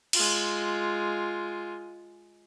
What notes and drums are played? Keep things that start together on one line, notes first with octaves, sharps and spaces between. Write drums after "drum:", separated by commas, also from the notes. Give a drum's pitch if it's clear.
G#3 F4, drum: cymbal